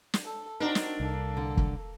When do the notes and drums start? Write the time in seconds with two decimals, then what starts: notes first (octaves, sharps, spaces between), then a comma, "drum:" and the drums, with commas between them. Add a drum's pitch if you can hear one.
0.14 drum: snare
0.24 A4
0.60 C4 D4 D#4 F#4 A#4
0.75 drum: snare
1.00 C2 A#3 A4
1.37 D3
1.57 drum: kick